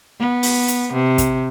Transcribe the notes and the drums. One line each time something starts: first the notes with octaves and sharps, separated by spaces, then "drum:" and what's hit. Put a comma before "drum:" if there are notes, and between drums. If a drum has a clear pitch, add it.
B3
drum: open hi-hat
drum: hi-hat
C3
drum: kick, hi-hat